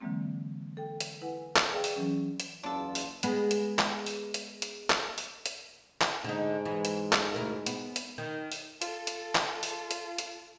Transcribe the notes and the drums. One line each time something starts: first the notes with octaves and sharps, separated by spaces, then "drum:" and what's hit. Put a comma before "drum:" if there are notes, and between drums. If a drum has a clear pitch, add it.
D3 E3 F#3 G#3 A#3 C4
A4 G5
drum: hi-hat
E4 B4 F#5 G#5
drum: clap
G#4 B4 D5 E5 F5 G5
drum: open hi-hat
E3 F#3 C#4
drum: hi-hat
F#1 E2 B3 D4 F4 A4
drum: open hi-hat
G#3 B3, drum: hi-hat
drum: hi-hat
drum: clap
drum: open hi-hat
drum: hi-hat
drum: hi-hat
drum: clap
drum: open hi-hat
drum: hi-hat
drum: clap
G#2 D3 D#4
E3 G#3
drum: hi-hat
drum: clap
D2 E4 A#4
B3, drum: hi-hat
drum: hi-hat
D#3
drum: open hi-hat
F4 A4, drum: hi-hat
drum: hi-hat
drum: clap
drum: open hi-hat
drum: hi-hat
drum: hi-hat